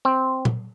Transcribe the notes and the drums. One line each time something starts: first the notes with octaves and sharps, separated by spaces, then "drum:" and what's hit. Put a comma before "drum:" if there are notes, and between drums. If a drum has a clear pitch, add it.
C4
drum: tom A#2